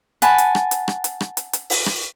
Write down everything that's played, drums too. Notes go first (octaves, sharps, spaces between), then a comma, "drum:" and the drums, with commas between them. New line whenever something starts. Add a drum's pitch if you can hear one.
F#5 G#5 A5 B5, drum: hi-hat
drum: hi-hat
drum: rim click
drum: hi-hat
drum: rim click
drum: hi-hat
drum: rim click
drum: hi-hat
drum: hi-hat
drum: open hi-hat
drum: rim click